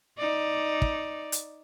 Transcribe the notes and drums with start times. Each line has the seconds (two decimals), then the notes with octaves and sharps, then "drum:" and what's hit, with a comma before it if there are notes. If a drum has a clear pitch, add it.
0.18 D#4 D5
0.82 drum: kick
1.32 drum: hi-hat